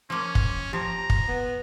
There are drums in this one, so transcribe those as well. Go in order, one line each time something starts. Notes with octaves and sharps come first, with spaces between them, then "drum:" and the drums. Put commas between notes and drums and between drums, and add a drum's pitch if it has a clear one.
F3 A#3 C#4
drum: kick
F3 G4 A#5
drum: kick
B3